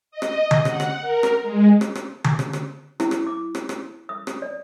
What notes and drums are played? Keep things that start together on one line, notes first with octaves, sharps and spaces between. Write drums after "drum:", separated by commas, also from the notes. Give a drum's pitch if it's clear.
D#5
drum: rim click
drum: tom D3
F#5, drum: rim click
drum: rim click
A#4
drum: rim click
G#3
drum: rim click
drum: rim click
drum: tom D3
drum: rim click
drum: rim click
E4, drum: rim click
drum: rim click
D6
drum: rim click
drum: rim click
D#6
drum: rim click
D5